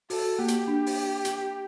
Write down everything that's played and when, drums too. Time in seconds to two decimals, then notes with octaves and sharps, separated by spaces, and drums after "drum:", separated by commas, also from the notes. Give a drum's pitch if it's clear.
0.10 F#4 A4, drum: open hi-hat
0.39 A#3 G4
0.48 drum: hi-hat
0.67 D4
0.86 drum: open hi-hat
1.25 drum: hi-hat